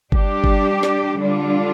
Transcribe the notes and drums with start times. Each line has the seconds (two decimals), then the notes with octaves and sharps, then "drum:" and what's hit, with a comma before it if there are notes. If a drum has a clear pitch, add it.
0.12 G3 D4 G4, drum: kick G1
0.44 drum: kick G1
0.83 drum: snare
1.19 D3 G3 D4 F4